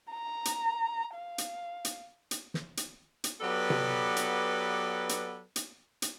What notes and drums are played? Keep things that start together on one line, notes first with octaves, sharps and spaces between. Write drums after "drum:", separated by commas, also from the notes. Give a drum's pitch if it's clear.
A#5
drum: hi-hat
F5
drum: hi-hat
drum: hi-hat
drum: hi-hat
drum: snare
drum: hi-hat
drum: hi-hat
F#3 B3 G4 A4 B4 D5
drum: tom C3
drum: hi-hat
drum: hi-hat
drum: hi-hat
drum: hi-hat